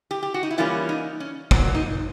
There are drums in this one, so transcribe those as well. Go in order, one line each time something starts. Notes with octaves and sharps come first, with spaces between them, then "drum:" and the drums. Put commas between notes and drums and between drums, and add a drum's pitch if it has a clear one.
G4
G4
F#4
D#4
E4
E3 G3 A#3 C#4 F4
D#4
C#4
A#2 F#3 A#3, drum: kick
D#4